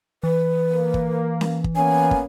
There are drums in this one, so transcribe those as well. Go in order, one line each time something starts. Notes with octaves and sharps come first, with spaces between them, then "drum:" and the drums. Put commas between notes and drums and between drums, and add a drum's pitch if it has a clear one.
E3 B4
A#3
drum: kick
drum: snare C#4
drum: kick
A#3 B3 C#4 G#5
drum: kick